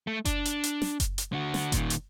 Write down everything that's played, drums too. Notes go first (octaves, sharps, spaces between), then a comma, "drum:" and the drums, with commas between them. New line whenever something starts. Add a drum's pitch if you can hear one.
A3
D4, drum: kick F#1, hi-hat
drum: hi-hat
drum: hi-hat
drum: snare
drum: kick F#1, hi-hat
drum: hi-hat
D3 F#4
drum: snare
A#2 D#3, drum: kick F#1, hi-hat
drum: hi-hat